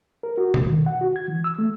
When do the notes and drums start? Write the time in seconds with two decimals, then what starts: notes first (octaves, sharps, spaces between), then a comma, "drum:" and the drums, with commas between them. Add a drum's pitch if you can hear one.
0.23 A#4
0.38 F#4
0.54 D2, drum: tom B2
0.67 D#3
0.86 F#5
1.01 F#4
1.16 G#6
1.28 E3
1.44 E6
1.59 A3